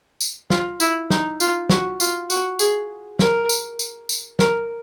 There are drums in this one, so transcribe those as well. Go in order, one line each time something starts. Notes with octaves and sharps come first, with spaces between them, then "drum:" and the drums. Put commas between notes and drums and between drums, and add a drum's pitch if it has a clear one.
drum: tambourine
F4, drum: snare
E4, drum: tambourine
D#4, drum: snare
F4, drum: tambourine
F#4, drum: snare
F4, drum: tambourine
F#4, drum: tambourine
G#4, drum: tambourine
A#4, drum: snare
drum: tambourine
drum: tambourine
drum: tambourine
A#4, drum: snare